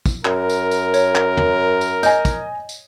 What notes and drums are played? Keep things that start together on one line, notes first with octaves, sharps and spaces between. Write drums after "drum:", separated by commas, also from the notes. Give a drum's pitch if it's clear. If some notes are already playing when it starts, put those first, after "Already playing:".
drum: kick, tambourine
F#2 A#4, drum: clap
drum: tambourine
drum: tambourine
C#5, drum: tambourine
drum: clap
drum: tom
drum: tambourine
D#5 G#5 G6 A#6, drum: tambourine
drum: kick, tambourine
drum: tambourine